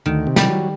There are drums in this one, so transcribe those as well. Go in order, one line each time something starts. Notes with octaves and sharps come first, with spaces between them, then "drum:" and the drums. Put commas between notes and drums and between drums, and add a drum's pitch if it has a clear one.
D2 D#3
C3
G3, drum: snare
F#3